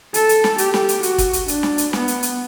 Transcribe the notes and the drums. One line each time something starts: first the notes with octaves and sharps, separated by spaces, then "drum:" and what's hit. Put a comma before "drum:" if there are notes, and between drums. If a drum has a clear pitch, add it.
A4, drum: hi-hat
drum: hi-hat
drum: snare
G4, drum: hi-hat
drum: snare
drum: hi-hat
F#4, drum: hi-hat
drum: kick, hi-hat
drum: hi-hat
D4, drum: hi-hat
drum: snare
drum: hi-hat
B3, drum: snare
drum: hi-hat
drum: hi-hat